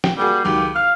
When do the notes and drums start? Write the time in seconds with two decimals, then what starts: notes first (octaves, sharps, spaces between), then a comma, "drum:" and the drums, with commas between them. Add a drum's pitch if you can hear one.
0.04 G5, drum: snare
0.18 G3 A#3 F#4 G#4
0.45 C#2 D#3 F#3 G4
0.76 F5 F6